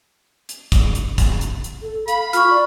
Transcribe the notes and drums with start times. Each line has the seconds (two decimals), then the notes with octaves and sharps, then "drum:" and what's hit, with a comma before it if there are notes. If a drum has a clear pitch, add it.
0.49 drum: hi-hat
0.72 drum: kick, hi-hat
0.95 drum: hi-hat
1.18 drum: kick, hi-hat
1.41 drum: hi-hat
1.64 drum: hi-hat
1.82 A4
2.08 F5 B5, drum: hi-hat
2.33 F4 C#6 F6, drum: hi-hat
2.50 D5